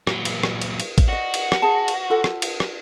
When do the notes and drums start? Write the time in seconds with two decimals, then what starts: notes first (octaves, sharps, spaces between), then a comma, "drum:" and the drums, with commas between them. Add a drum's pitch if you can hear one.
0.07 A#2 F#3, drum: rim click
0.25 drum: cymbal
0.43 drum: rim click
0.62 drum: cymbal
0.80 drum: cymbal
0.98 drum: kick, cymbal
1.08 F#4 D5 D#5
1.34 drum: cymbal
1.52 drum: rim click
1.62 G#4 A5
1.88 drum: cymbal
2.10 F4 A4 F#5
2.24 drum: rim click
2.42 drum: cymbal
2.60 drum: rim click